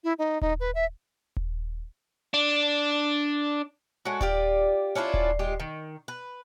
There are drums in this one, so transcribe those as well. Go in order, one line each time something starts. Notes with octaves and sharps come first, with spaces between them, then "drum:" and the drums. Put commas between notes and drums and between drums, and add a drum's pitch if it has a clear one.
E4
D#4
D#4, drum: kick D#1
B4
E5
drum: kick D#1
D4
G#3 A3 C#4 F#4
F4 G4 D5, drum: kick D#1
C#4 D4 E4 F4
drum: kick D#1
G#3 F4 G4
D#3
B4